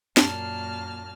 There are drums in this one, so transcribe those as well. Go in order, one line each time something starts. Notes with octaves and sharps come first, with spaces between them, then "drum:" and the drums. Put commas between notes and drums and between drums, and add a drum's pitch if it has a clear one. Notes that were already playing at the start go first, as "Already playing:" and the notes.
F#2 A#2 A#3 A5 F6, drum: snare